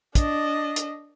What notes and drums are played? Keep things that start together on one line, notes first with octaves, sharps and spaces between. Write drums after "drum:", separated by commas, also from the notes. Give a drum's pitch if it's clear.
D4 D#5, drum: kick, hi-hat
drum: hi-hat